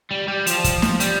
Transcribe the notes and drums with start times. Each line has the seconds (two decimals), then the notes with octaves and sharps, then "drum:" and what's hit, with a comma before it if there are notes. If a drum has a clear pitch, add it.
0.11 G3
0.28 G3
0.47 F3, drum: hi-hat
0.64 drum: kick, hi-hat
0.82 drum: snare
1.00 G3, drum: hi-hat